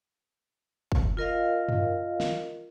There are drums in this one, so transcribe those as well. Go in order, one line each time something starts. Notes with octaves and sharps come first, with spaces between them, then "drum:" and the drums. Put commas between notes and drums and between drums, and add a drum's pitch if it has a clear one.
drum: kick
F4 A#4 D#5 F5
drum: tom F#2
drum: snare